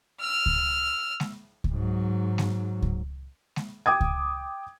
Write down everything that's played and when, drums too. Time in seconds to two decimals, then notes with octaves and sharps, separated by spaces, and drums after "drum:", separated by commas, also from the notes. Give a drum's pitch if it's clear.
0.20 E6 F6
0.46 drum: kick C#2
1.20 drum: snare G#3
1.64 drum: kick C#2
1.73 G#2 F#3
2.38 drum: snare G#3
2.82 drum: kick C#2
3.56 drum: snare G#3
3.86 G5 D6 D#6 G#6
4.01 drum: kick C#2